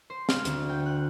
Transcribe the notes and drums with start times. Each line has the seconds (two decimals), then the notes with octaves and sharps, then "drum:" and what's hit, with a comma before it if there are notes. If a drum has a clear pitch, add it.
0.10 C5
0.29 F6, drum: snare
0.45 D2, drum: hi-hat
0.69 G5
0.86 F#6